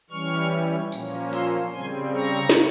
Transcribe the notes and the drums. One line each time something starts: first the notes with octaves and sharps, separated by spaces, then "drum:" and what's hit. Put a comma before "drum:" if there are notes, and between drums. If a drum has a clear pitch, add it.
E3 G3 C#4 C#6 F6
A#2 F3 A#3 C#4, drum: tambourine
C6 E6, drum: open hi-hat
C#3 G3 C4 G#5 C6
A#5 C#6
drum: snare